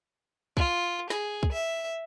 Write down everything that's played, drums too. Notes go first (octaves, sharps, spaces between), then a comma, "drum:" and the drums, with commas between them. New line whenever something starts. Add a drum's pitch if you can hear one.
F4, drum: kick
G#4, drum: snare
drum: kick
E5